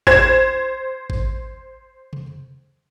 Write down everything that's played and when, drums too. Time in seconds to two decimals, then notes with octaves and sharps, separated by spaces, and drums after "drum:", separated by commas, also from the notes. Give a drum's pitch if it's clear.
0.07 C5 G#6 E7, drum: kick G#1
1.10 drum: kick G#1
2.13 drum: tom C3